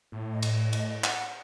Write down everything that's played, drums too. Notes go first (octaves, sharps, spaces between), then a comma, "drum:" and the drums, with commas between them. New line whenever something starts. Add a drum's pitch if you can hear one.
A2
D#5
drum: cymbal
drum: cymbal
F#5, drum: clap